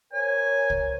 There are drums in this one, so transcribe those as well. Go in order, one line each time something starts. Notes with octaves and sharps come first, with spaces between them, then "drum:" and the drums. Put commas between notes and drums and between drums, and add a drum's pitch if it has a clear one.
A#4 C5 C#5 G#5
drum: kick